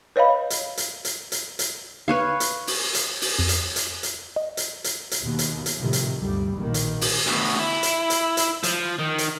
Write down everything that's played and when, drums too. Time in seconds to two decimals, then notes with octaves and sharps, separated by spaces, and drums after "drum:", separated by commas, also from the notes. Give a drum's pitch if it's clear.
0.16 B4 C#5 D#5 F5 B5
0.50 drum: hi-hat
0.77 drum: hi-hat
1.05 drum: hi-hat
1.32 drum: hi-hat
1.59 drum: hi-hat
2.08 B4 C#5 F5
2.40 drum: hi-hat
2.67 drum: open hi-hat
2.94 drum: hi-hat
3.22 drum: open hi-hat
3.39 F2
3.49 drum: hi-hat
3.76 drum: hi-hat
4.03 drum: hi-hat
4.36 D#5
4.57 drum: hi-hat
4.84 drum: hi-hat
5.11 drum: hi-hat
5.20 D#2 B2
5.39 drum: hi-hat
5.66 drum: hi-hat
5.78 A2 C3 D#3 F3
5.93 drum: hi-hat
6.20 G1 D2 G3
6.55 A#1 B2 D#3 A#3
6.74 drum: hi-hat
7.01 drum: open hi-hat
7.27 D2 B2
7.59 E4
7.83 drum: hi-hat
8.10 drum: hi-hat
8.37 drum: hi-hat
8.63 F3, drum: hi-hat
8.99 D#3
9.18 drum: hi-hat